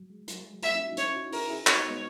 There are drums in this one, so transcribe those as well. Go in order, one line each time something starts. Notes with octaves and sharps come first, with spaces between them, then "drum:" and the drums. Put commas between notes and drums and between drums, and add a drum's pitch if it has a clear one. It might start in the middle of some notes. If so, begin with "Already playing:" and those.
Already playing: F#3
G#3
F#3, drum: hi-hat
G#3
G#3
F#3 A#3 E5, drum: hi-hat
C#4 E4
D#4 F#4
C#4 E4 C#5, drum: hi-hat
D#4 F#4
E4 G#4 A#4, drum: open hi-hat
E4 G#4
D#4 F#4 C#5, drum: clap
B3 D#4
G#3 B3